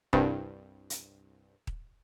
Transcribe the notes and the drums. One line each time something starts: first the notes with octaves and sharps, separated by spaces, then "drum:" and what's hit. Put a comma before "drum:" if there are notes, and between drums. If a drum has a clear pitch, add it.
C2 G2, drum: kick D#1
drum: hi-hat
drum: kick D#1